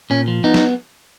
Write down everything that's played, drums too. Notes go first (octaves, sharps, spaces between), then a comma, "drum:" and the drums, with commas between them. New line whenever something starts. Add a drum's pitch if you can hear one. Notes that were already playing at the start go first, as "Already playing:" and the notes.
A#2 C#4
F3
B3 D#4
drum: snare